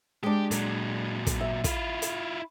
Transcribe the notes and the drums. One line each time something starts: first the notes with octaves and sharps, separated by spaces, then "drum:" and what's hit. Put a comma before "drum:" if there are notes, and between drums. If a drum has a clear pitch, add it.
G#3 D4 G4
A#2 F#3, drum: hi-hat
drum: kick, hi-hat
E5
E4 F4, drum: kick, hi-hat
drum: hi-hat